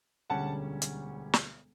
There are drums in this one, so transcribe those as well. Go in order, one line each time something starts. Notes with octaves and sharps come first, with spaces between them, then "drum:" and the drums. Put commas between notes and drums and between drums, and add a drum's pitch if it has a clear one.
E1 D2 D3 G3 C#4 F#5 A5
drum: hi-hat
drum: snare